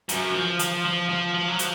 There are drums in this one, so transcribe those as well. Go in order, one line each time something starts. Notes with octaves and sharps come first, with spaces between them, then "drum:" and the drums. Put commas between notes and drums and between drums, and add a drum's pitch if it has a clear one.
F#2, drum: hi-hat
F3
F3, drum: hi-hat
F3
F3
F3
F#3
F3, drum: hi-hat